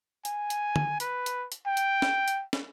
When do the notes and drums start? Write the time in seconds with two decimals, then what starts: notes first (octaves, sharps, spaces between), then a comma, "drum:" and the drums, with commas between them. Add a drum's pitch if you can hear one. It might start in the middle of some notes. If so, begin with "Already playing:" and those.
0.25 G#5, drum: hi-hat
0.50 drum: hi-hat
0.76 drum: tom
1.00 B4, drum: hi-hat
1.26 drum: hi-hat
1.52 drum: hi-hat
1.66 G5
1.77 drum: hi-hat
2.02 drum: snare
2.28 drum: hi-hat
2.53 drum: snare